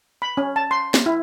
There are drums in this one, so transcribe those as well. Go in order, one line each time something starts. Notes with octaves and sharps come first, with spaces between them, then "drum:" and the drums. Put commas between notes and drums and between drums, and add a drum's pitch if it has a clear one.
B5
C#4
A5
C6
drum: snare
E4